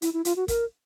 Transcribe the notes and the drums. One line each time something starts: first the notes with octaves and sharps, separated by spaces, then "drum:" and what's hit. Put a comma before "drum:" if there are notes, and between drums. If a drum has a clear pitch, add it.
E4, drum: hi-hat
E4
F4, drum: hi-hat
F#4
A#4, drum: kick, hi-hat